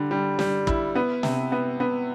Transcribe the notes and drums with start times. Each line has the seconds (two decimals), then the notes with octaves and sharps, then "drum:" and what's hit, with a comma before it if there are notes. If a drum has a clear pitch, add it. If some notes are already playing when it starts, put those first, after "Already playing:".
Already playing: D3 G3
0.11 G3
0.39 G3, drum: snare
0.67 E4, drum: kick
0.95 B3
1.23 C3, drum: snare
1.52 B3
1.80 B3